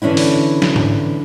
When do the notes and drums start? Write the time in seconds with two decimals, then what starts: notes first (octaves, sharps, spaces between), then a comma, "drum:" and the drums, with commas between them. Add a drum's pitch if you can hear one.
0.02 D3 E3 C#4 D4 E4
0.17 drum: open hi-hat
0.62 drum: snare
0.76 drum: tom G#2